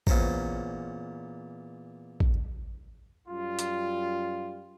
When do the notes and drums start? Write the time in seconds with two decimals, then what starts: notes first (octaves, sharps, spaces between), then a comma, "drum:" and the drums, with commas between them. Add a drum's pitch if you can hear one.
0.07 E2 A#2 C#4 C5 A#5, drum: kick
2.20 drum: kick
3.28 F#2 G3 F4
3.59 drum: hi-hat